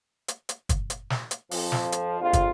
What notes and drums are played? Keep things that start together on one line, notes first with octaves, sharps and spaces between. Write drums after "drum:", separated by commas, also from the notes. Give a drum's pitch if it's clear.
drum: hi-hat
drum: hi-hat
drum: kick, hi-hat
drum: hi-hat
drum: snare
drum: hi-hat
F2 F3, drum: open hi-hat
drum: snare
drum: hi-hat
A#1 F2 F4
drum: kick, hi-hat